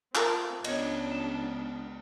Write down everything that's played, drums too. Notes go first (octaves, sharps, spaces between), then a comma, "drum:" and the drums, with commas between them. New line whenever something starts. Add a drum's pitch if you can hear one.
C4 F4 A4 A#4, drum: clap
C#2 B3 D4 C#5 D#5, drum: cymbal
A5